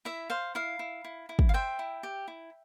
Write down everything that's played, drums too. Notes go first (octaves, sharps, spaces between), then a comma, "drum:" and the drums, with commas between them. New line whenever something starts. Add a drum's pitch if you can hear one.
E4 E5
C5 F5
E4 F5
E4
E4
E4
drum: kick
F5
C5 E5 G5
E4
G4
E4